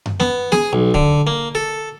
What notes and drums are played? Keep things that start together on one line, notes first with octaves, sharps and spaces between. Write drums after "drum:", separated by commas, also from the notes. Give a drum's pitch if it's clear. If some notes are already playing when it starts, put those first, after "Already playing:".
drum: tom F#2
B3, drum: snare
G#4, drum: snare
B1
D3, drum: kick
A#3
A4